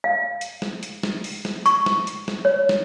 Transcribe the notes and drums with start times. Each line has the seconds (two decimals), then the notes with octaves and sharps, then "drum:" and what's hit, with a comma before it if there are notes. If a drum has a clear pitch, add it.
0.04 F5
0.41 drum: hi-hat
0.62 drum: snare
0.83 drum: hi-hat
1.03 drum: snare
1.24 drum: open hi-hat
1.45 drum: snare
1.66 C#6, drum: hi-hat
1.86 drum: snare
2.07 drum: hi-hat
2.28 drum: snare
2.45 C#5
2.69 drum: snare